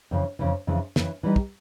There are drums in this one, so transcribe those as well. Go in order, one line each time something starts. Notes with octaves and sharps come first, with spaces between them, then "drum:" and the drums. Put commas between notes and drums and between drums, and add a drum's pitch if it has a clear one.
F2 C#3 E3
F2 C#3 E3
F2 C#3 E3
F2 C#3 E3, drum: snare
E3 G3 B3 D#4 G4
drum: kick